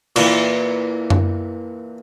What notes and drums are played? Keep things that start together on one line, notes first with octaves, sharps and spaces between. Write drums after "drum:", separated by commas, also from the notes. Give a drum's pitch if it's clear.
A#2 E3, drum: cymbal
drum: tom F#2